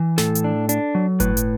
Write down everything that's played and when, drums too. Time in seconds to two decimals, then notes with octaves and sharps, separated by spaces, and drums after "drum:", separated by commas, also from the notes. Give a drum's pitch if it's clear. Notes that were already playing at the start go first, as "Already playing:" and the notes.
Already playing: E3
0.18 A2 A4, drum: snare
0.35 drum: hi-hat
0.44 D4
0.69 D4, drum: hi-hat
0.95 F#3
1.20 A2 B4, drum: kick G1, hi-hat
1.37 drum: hi-hat